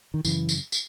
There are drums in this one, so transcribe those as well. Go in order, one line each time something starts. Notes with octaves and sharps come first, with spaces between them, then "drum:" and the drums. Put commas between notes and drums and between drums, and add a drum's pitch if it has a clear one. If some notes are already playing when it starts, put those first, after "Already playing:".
D#3
F#2 C#3 E3, drum: tambourine
drum: tambourine
drum: tambourine